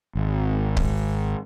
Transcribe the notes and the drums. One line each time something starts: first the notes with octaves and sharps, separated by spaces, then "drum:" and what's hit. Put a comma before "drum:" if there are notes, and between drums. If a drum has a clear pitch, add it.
G#1
drum: kick C#1